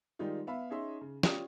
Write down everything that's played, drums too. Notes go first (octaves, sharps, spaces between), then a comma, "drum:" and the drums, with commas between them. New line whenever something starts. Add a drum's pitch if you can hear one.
D#3 G3 G#3 D#4 F4
B3 E5 F5 B5
C#4 D#4 G#4 E5 C6
C#3
C#4 F4 G4 D5 D#6, drum: snare